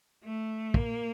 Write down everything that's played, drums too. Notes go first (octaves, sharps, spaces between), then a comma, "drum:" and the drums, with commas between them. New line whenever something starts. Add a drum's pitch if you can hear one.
A3
A#3, drum: kick